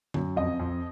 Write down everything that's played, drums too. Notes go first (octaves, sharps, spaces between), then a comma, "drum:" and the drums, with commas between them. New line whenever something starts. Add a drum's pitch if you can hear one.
F#2, drum: tom D3
F2 D#5
F2